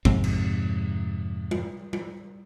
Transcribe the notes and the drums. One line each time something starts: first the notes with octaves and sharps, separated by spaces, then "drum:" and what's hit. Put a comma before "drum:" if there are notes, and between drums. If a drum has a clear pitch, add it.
F2 G#2 C3 C4, drum: kick A1
drum: cymbal
drum: tom G3
drum: tom G3